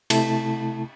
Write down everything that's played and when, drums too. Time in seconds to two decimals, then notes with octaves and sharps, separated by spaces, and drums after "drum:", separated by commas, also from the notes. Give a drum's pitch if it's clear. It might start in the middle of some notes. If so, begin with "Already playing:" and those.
0.10 C3 A3 E4 A5, drum: cymbal